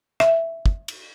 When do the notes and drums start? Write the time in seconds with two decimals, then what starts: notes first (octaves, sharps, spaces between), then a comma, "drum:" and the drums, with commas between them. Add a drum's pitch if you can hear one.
0.20 E5, drum: rim click
0.66 drum: kick
0.88 drum: cymbal